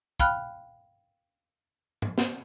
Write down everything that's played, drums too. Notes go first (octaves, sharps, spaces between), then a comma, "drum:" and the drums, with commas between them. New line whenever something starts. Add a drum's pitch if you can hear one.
F5 G5 B5 F6 F#6, drum: kick
drum: tom G#2
drum: snare